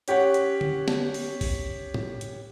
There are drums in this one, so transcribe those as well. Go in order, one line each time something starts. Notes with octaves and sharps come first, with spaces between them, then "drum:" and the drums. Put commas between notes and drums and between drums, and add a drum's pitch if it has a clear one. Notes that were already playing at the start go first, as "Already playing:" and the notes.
C#4 G4 C#5 F#5, drum: hi-hat
drum: hi-hat
drum: tom D3
drum: snare
drum: open hi-hat
drum: kick, open hi-hat
drum: tom A2
drum: hi-hat